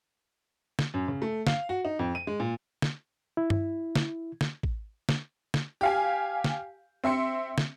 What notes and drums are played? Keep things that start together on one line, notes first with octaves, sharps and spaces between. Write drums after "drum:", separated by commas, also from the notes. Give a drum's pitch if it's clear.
drum: snare
F#2
C#3
A3
F5, drum: snare
F#4
D#4
F2
D#7
G#3
A#2
drum: snare
E4
drum: tom G2
drum: snare
drum: snare
drum: kick
drum: snare
drum: snare
G4 F5 G#5
drum: snare
C4 E5 C6 C#7
drum: snare